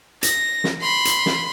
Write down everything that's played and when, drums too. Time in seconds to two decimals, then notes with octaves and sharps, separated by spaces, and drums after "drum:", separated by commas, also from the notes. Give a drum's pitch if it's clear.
0.23 A#6, drum: hi-hat
0.64 drum: snare
0.82 B5 C6
1.05 drum: hi-hat
1.26 drum: snare